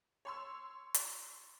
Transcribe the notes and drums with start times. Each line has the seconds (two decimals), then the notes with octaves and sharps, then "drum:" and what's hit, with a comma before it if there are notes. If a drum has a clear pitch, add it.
0.25 C#5 C6 E6
0.94 drum: hi-hat